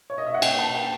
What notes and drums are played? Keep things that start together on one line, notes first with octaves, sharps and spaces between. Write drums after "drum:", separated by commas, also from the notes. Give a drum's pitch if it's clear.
C#5
D#5
E5
F#5
G5, drum: cymbal
A5
G5